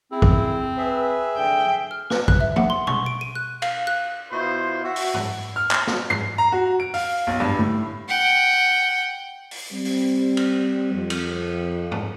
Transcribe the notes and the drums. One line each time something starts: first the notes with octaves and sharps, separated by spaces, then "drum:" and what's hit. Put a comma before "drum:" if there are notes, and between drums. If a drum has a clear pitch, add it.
C4 E4 G#4
drum: kick A1
G#4 B4 E5
D3 G5
F6
B4, drum: snare
F#6, drum: kick A1
E5
F#5, drum: tom F3
C6
C#6, drum: tom B2
D7
D#7
F#6
F5, drum: cymbal
F#6
B2 E4 F4 C5
F#4 E5
drum: open hi-hat
drum: tom G#2
F6
drum: clap
drum: snare
C7, drum: tom G#2
A#5
F#4
D7
F5, drum: open hi-hat
B1
G2, drum: tom G#2
A2
F#5 G5
drum: open hi-hat
G3 C4
drum: open hi-hat
drum: cymbal
F2
drum: cymbal
drum: tom G#2